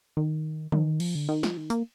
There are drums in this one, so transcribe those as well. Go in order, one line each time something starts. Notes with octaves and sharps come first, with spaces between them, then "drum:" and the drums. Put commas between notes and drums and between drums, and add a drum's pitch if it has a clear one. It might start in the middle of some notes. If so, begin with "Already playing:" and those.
D#3
D#3, drum: tom
F3, drum: cymbal
D3
D#3
F3, drum: snare
D#3
A#3, drum: hi-hat